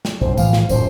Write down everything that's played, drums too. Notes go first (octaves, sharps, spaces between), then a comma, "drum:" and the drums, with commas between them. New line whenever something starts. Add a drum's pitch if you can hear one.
drum: snare
B1 F#2 C5
A2 E3 F3 F5, drum: kick B1, tambourine
drum: snare
D1 F#2 A#2 C5, drum: tambourine